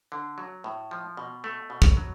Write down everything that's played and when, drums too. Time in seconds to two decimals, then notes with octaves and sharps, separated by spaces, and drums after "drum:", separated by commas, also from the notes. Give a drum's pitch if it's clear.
0.12 D3
0.38 F#3
0.64 A2
0.91 F3
1.17 B2
1.44 A3
1.70 B2
1.82 drum: kick
1.97 F#3